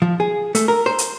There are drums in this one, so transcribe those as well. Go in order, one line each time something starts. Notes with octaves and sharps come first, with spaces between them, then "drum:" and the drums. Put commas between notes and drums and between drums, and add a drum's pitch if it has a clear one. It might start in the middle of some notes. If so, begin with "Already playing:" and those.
F3
G#4
A3, drum: hi-hat
A#4
C5
drum: hi-hat